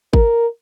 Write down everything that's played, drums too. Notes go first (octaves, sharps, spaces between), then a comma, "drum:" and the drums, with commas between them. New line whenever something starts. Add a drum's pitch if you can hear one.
A#4, drum: kick G#1